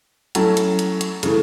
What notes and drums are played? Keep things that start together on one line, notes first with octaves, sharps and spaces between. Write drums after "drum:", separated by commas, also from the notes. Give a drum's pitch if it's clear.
F#3 A3 C#4 E4 A4, drum: hi-hat
drum: hi-hat
drum: hi-hat
drum: hi-hat
C#3 E3 A3, drum: hi-hat